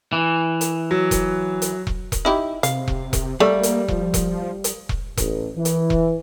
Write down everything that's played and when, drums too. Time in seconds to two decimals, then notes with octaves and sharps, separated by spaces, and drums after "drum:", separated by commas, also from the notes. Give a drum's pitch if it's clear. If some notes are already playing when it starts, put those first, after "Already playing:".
0.13 E3
0.61 drum: hi-hat
0.91 F#3
1.11 drum: kick E1, hi-hat
1.62 drum: hi-hat
1.87 drum: kick E1
2.12 drum: kick E1, hi-hat
2.25 D#4 E4 G4
2.63 C3 F5, drum: hi-hat
2.88 drum: kick E1
3.13 drum: kick E1, hi-hat
3.40 G3 A3 A#3
3.63 drum: hi-hat
3.89 F3, drum: kick E1
4.14 drum: kick E1, hi-hat
4.64 drum: hi-hat
4.89 drum: kick E1
5.18 A1, drum: kick E1, hi-hat
5.56 E3
5.65 drum: hi-hat
5.90 drum: kick E1